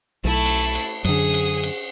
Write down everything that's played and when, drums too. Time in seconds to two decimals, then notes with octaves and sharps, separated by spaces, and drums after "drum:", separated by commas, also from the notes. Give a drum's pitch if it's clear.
0.24 B1 A3 E4
0.46 drum: cymbal
0.75 drum: cymbal
1.05 F#2 D3 G#4 D#6, drum: cymbal
1.34 drum: cymbal
1.64 drum: cymbal